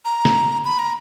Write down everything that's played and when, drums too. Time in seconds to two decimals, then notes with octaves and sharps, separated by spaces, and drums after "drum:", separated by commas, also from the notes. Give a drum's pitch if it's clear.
0.05 A#5
0.25 drum: snare
0.65 B5
0.79 A#5